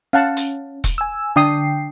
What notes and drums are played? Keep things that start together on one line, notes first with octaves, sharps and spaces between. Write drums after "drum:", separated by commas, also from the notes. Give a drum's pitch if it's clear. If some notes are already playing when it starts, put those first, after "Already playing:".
C#4 F5 F#5 A5
drum: hi-hat
drum: kick E1, hi-hat
G#5 E6
D3 D4 G5 D#6 C7